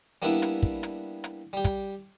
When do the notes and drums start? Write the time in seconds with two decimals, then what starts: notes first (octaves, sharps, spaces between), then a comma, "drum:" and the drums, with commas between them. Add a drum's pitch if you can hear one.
0.22 G3 A#3 B3 D4 E4
0.42 drum: hi-hat
0.63 drum: kick
0.83 drum: hi-hat
1.24 drum: hi-hat
1.53 G3 G4
1.64 drum: kick, hi-hat